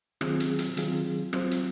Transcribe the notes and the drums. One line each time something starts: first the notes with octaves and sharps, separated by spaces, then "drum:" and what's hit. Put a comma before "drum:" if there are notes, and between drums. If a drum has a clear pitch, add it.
D#3 F#3 C4 F4 G#4, drum: rim click
drum: hi-hat
drum: hi-hat
D#3 F#3 C4 F4 G#4, drum: hi-hat
F#3 C4 F4 C5, drum: rim click
drum: hi-hat